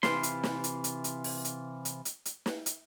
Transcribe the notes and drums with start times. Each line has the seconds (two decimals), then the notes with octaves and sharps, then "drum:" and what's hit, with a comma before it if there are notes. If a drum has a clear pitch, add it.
0.03 C3 E3 F4 C6, drum: snare
0.23 drum: hi-hat
0.43 drum: snare
0.64 drum: hi-hat
0.84 drum: hi-hat
1.04 drum: hi-hat
1.24 drum: open hi-hat
1.45 drum: hi-hat
1.85 drum: hi-hat
2.05 drum: hi-hat
2.25 drum: hi-hat
2.46 drum: snare
2.66 drum: hi-hat